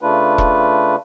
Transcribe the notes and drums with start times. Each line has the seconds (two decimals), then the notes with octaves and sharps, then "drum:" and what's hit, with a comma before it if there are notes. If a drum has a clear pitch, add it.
0.01 C#3 A3 D4 F4 B4
0.38 drum: kick E1